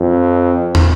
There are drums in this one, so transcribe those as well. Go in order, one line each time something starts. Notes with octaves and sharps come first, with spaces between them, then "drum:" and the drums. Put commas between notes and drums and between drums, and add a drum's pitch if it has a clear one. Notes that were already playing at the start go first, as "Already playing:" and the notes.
Already playing: F2
drum: tom